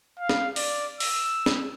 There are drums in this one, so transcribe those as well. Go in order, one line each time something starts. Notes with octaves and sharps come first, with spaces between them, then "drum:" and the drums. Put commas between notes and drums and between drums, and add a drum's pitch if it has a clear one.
F5
drum: snare
D5, drum: open hi-hat
E6, drum: open hi-hat
drum: snare